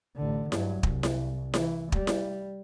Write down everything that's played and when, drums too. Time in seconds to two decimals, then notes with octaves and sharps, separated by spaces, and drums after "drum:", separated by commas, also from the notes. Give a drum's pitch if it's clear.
0.17 A1 D3
0.52 G2 F#3, drum: snare E4
0.83 C2, drum: kick
1.03 drum: snare E4
1.54 E3, drum: snare E4
1.92 G3, drum: kick
2.07 drum: snare E4